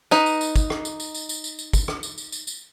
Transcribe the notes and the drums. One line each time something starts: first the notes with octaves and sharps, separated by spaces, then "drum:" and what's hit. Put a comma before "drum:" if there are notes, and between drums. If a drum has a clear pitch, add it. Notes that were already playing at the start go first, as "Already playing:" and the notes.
D#4 B4, drum: tambourine
drum: tambourine
drum: tambourine
drum: kick, tambourine
drum: rim click
drum: tambourine
drum: tambourine
drum: tambourine
drum: tambourine
drum: tambourine
drum: tambourine
drum: kick, tambourine
drum: rim click
drum: tambourine
drum: tambourine
drum: tambourine
drum: tambourine